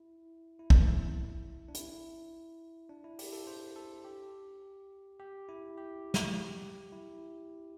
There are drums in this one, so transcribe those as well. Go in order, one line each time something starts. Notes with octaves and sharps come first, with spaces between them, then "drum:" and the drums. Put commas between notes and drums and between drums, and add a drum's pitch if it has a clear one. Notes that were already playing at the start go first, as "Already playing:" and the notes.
Already playing: E4
E4
drum: kick
D4
E4, drum: hi-hat
D4
E4
G4, drum: open hi-hat
A4
C5
A4
G4
G4
E4
G4
drum: snare
E4